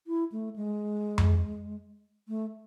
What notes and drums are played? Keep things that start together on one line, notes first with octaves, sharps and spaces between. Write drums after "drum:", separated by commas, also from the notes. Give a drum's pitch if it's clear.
E4
A3
G#3
drum: tom F2
A3